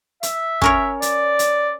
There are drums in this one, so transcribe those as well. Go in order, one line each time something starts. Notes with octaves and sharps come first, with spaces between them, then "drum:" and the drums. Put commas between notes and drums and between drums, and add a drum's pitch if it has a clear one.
E5, drum: hi-hat
C#4 A#4 C#5, drum: kick
D5, drum: hi-hat
drum: hi-hat